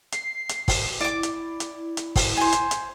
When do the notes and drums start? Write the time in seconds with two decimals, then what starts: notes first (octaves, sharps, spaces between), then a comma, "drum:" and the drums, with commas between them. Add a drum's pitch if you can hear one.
0.12 C7, drum: hi-hat
0.49 drum: hi-hat
0.68 drum: kick, open hi-hat
1.01 E4 D5 D6
1.23 drum: hi-hat
1.60 drum: hi-hat
1.97 drum: hi-hat
2.16 drum: kick, open hi-hat
2.37 C5 G#5
2.53 drum: hi-hat
2.71 drum: hi-hat